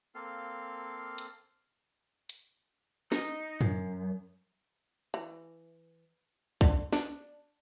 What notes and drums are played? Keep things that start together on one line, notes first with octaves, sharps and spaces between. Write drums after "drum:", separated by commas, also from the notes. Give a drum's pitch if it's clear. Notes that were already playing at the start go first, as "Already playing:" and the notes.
A#3 C4 A4 F5
drum: hi-hat
drum: hi-hat
D#4, drum: snare
F#2, drum: tom F#2
E3
D3, drum: kick B1
D4, drum: snare